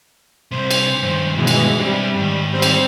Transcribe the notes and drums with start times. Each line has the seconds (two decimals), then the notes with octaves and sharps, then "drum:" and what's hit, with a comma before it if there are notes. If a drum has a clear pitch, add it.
0.51 C2 C3 C5
0.71 drum: cymbal
1.02 G2 D#3
1.36 B2 E3 G#3
1.47 drum: cymbal
1.78 G3 C4 E4
2.16 G#2 D#3
2.53 G3 C4 C5
2.62 drum: cymbal